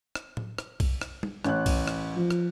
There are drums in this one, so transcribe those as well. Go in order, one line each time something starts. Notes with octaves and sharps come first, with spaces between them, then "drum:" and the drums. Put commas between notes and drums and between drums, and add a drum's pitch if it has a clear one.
drum: rim click
drum: tom A2
drum: rim click
drum: kick B1, cymbal
drum: rim click
drum: tom
A1 C#5 F#6, drum: rim click
drum: kick B1, cymbal
drum: rim click
F3
drum: rim click